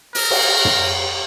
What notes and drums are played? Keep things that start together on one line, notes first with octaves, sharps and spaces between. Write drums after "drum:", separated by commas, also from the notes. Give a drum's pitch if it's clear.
A#4, drum: open hi-hat
drum: cymbal
drum: tom